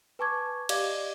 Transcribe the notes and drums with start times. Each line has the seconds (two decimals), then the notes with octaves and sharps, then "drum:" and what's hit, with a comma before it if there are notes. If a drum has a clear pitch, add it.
0.19 B4 G#5 A5 C#6 D6 G#6
0.69 G4 D5 D#5 F5 D6 G#6, drum: cymbal